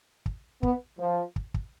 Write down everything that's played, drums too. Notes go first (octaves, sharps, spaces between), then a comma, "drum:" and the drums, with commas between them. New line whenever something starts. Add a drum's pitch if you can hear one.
drum: kick
B3, drum: kick
F3
drum: kick
drum: kick